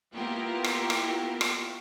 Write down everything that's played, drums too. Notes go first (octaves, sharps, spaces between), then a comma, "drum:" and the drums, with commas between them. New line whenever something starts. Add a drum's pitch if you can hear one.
A#3 B3 E4 F4 G4 A#4
drum: rim click
drum: rim click
drum: rim click